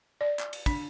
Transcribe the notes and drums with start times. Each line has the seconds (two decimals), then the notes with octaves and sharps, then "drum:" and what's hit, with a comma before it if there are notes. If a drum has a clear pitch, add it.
0.21 D5
0.39 drum: clap
0.53 drum: cymbal
0.66 D4, drum: kick, cymbal